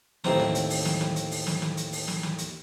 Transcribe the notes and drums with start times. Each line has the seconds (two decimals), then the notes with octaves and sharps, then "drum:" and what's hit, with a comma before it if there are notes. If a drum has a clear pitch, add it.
0.24 D#2 A2 C4 C5 A#5, drum: snare
0.39 drum: snare
0.55 drum: hi-hat
0.70 drum: open hi-hat
0.85 drum: snare
1.01 drum: snare
1.16 drum: hi-hat
1.31 drum: open hi-hat
1.47 drum: snare
1.62 drum: snare
1.77 drum: hi-hat
1.92 drum: open hi-hat
2.08 drum: snare
2.23 drum: snare
2.38 drum: hi-hat